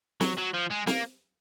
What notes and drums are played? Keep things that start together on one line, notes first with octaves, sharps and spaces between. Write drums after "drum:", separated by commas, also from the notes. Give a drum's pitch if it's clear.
F#3, drum: snare
F#3
F3
G#3
A#3, drum: snare